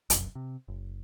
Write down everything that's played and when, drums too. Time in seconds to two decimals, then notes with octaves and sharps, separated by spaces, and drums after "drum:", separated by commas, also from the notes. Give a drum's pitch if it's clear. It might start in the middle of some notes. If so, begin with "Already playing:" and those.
0.10 F1 B1 F#2, drum: hi-hat
0.35 C3
0.68 F#1